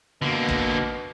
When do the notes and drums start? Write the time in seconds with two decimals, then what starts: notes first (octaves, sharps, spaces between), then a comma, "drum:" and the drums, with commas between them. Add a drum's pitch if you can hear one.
0.22 B2 D3 A#3
0.49 drum: kick